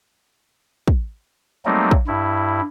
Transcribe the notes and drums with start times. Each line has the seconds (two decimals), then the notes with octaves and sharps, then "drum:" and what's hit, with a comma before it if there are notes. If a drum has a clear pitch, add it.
0.88 drum: kick
1.65 F#3 G3 A3 A#3 C4 D#4
1.91 drum: kick
2.07 G2 E4